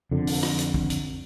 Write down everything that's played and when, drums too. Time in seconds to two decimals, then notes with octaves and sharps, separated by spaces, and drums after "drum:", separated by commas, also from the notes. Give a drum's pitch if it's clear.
0.11 F2 D3
0.27 drum: open hi-hat
0.43 drum: rim click
0.59 drum: hi-hat
0.74 drum: kick
0.90 drum: hi-hat